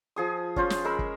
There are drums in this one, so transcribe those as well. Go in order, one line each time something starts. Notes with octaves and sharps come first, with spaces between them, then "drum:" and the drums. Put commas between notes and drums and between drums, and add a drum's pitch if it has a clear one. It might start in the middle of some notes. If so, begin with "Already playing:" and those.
F3 G#4 D#6
C#4 F4 C5, drum: kick
drum: snare
G#3 A#4 B5 E6
drum: kick